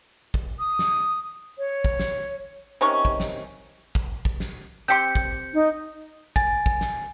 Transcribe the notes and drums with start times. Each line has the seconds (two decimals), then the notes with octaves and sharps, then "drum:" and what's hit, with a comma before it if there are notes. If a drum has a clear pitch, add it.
0.34 drum: kick
0.59 D#6
0.79 drum: snare
1.58 C#5
1.84 drum: kick
2.00 drum: snare
2.81 C3 D#3 C#4 C#6
3.05 drum: kick
3.20 drum: snare
3.95 drum: kick
4.25 drum: kick
4.40 drum: snare
4.88 C4 G4 C6 G6 C#7
5.15 drum: kick
5.54 D#4
6.36 G#5 A6, drum: kick
6.66 drum: kick
6.81 drum: snare